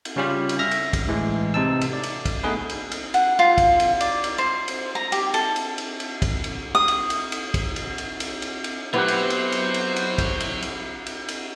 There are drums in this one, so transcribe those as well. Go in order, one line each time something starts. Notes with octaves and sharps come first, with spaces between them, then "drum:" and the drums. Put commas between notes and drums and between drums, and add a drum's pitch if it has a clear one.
drum: cymbal
C#3 G3 C#4 F4 G4
drum: cymbal
E5 F6 A#6
drum: cymbal
drum: kick, cymbal
A2 E3 G#3
C3 D#4 A5 E6
drum: cymbal
D5
drum: cymbal
drum: kick, cymbal
A3 B3 D#4 G#4 B4
drum: cymbal
drum: cymbal
F#5, drum: cymbal
F4
drum: kick, cymbal
drum: cymbal
D5, drum: cymbal
drum: cymbal
C5
drum: cymbal
A#5
G4, drum: cymbal
A4, drum: cymbal
drum: cymbal
drum: cymbal
drum: cymbal
drum: kick, cymbal
drum: cymbal
D#6
drum: cymbal
drum: cymbal
drum: cymbal
drum: kick, cymbal
drum: cymbal
drum: cymbal
drum: cymbal
drum: cymbal
drum: cymbal
F#3 B3 E4 G4 B4 C5
drum: cymbal
drum: cymbal
drum: cymbal
drum: cymbal
drum: cymbal
drum: kick, cymbal
drum: cymbal
drum: cymbal
drum: cymbal
drum: cymbal